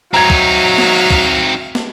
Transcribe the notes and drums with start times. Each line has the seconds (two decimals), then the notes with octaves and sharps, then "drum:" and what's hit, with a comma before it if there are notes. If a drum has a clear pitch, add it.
0.14 F#3 C4 D#4 E5 F5 A#5 G#6
0.30 drum: kick
0.78 drum: snare
1.11 drum: kick
1.75 drum: snare